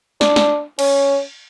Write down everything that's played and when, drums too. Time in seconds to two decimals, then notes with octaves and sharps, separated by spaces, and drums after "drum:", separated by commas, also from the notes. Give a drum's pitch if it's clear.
0.21 D4, drum: snare
0.36 drum: snare
0.79 C#4, drum: cymbal